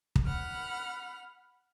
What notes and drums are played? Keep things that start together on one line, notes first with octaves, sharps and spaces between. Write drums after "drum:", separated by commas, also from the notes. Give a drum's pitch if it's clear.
drum: kick
F#5 B5 F6